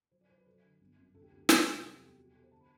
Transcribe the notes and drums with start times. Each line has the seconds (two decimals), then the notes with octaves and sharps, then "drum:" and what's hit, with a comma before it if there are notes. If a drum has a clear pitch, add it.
0.11 F#3 C5
0.21 D5
0.29 F#3 C5
0.38 B4
0.46 F#3 A4
0.63 D3
0.81 G1
0.98 F#2
1.15 D2 A4
1.22 G4
1.26 A4
1.32 D2
1.38 A4
1.49 G3 G4, drum: snare
1.66 C3 A4
1.83 F#3 G4
1.94 A4
2.00 E2
2.06 G4
2.17 F#3 F#4
2.26 G4
2.34 B2 A4
2.43 C5
2.51 D3 A5
2.60 B5